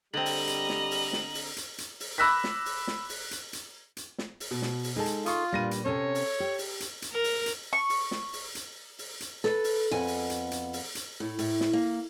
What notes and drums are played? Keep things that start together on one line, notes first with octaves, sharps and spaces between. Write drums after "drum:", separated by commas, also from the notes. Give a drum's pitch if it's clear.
D3 G3 C4 D#5 A#5 F#7
drum: open hi-hat
drum: hi-hat
drum: snare
drum: open hi-hat
drum: snare
drum: open hi-hat
drum: hi-hat
drum: hi-hat
drum: open hi-hat
B5 D6 E6 F#6 A#6 B6
drum: snare
drum: open hi-hat
drum: snare
drum: open hi-hat
drum: hi-hat
drum: hi-hat
drum: hi-hat
drum: snare
drum: open hi-hat
B2
drum: snare
drum: open hi-hat
G#3 D#4 G#4 A4 A5
drum: hi-hat
F4 C6 C#6 D#6, drum: hi-hat
A#2 G3 D4 B4 A#6 D#7
drum: hi-hat
C3 C#4 A4 C#5
drum: open hi-hat
G4
drum: open hi-hat
drum: hi-hat
drum: hi-hat
A#4
drum: open hi-hat
drum: hi-hat
C#6
drum: open hi-hat
drum: snare
drum: open hi-hat
drum: hi-hat
drum: open hi-hat
drum: hi-hat
A4 B4, drum: snare
drum: open hi-hat
F2 B3 G#5
drum: open hi-hat
drum: hi-hat
drum: hi-hat
drum: open hi-hat
drum: hi-hat
A2
A2, drum: open hi-hat
drum: snare
A#3